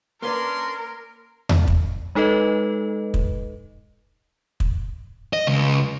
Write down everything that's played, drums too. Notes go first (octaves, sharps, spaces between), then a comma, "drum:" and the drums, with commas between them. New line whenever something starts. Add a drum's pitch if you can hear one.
A#3 C#4 D4 A#4 B4 D5 C6
drum: tom E2
drum: kick
G#3 D#4 A4 B4 D#5
drum: kick
drum: kick
D#5
C#2